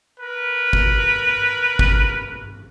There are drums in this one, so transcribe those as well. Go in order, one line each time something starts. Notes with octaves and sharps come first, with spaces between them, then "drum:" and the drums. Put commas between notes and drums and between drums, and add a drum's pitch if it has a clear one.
A#4 B4
drum: kick
drum: kick